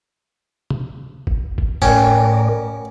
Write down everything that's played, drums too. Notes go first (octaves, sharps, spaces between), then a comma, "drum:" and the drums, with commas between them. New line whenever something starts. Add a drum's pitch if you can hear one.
drum: tom
drum: kick F#1
drum: kick F#1
A2 C#4 F#4 A4 A#4 D5 G5, drum: kick F#1